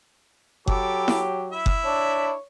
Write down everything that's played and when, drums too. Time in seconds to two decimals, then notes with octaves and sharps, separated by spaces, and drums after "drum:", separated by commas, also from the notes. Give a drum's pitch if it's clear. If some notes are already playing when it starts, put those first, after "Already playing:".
0.67 F#3 G4 A4 B5 D6, drum: kick F#1
1.08 drum: snare E4
1.52 E4 E5
1.66 drum: kick F#1
1.85 D4 C#5